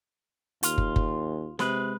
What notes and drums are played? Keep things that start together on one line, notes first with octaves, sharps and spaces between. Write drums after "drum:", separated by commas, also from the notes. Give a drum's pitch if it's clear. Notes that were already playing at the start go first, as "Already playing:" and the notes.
D#2 F4, drum: hi-hat
drum: kick
drum: kick
C3 G#3 B4, drum: snare